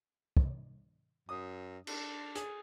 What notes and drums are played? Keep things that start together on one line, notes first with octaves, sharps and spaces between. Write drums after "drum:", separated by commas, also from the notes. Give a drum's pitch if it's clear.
drum: kick
F#2 D#6
D4, drum: cymbal
G#4, drum: hi-hat